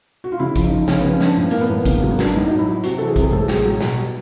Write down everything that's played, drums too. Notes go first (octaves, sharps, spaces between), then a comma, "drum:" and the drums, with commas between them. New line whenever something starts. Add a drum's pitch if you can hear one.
F#4
F4
C#3 E4
F3, drum: kick A1, hi-hat
D#4
F3
C#3 C#4, drum: snare
B3
F3
C#4
F3 D4, drum: snare
A2
E3 A#3, drum: hi-hat
B3
A2
C#3 A#3, drum: kick A1, hi-hat
A#3
F#3
B3
F#3 D4, drum: snare
A2 D#4
F#3 D#4
E4
F#3
C3 F#4, drum: hi-hat
E3 A4
G#4
C3, drum: kick A1, hi-hat
G#4
A2 A4
F#3 G#4, drum: snare
F#3
B2, drum: snare
G3